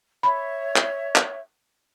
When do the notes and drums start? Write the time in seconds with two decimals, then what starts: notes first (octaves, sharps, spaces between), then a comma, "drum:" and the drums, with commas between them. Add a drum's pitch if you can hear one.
0.23 C#5 E5 B5
0.76 drum: clap
1.16 drum: clap